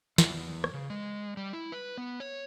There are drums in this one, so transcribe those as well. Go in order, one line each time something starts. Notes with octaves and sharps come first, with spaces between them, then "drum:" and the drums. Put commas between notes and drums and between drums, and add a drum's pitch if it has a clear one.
E2, drum: snare
drum: rim click
C#3
G#3
G3
E4
B4
B3
C#5